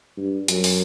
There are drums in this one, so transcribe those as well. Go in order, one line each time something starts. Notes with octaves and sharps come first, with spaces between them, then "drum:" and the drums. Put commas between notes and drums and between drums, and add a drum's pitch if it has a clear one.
G2
F#2, drum: hi-hat
drum: open hi-hat